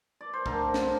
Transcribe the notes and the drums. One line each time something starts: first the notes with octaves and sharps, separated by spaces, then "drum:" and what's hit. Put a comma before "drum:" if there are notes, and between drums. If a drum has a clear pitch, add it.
D5
C5
D3 A3 C4 A#4, drum: kick
drum: snare